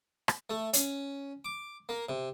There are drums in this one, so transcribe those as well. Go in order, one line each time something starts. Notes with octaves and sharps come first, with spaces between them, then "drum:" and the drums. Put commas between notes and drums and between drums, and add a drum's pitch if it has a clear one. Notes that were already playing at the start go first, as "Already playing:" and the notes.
drum: rim click
A3
C#4, drum: hi-hat
D6
A#3
C3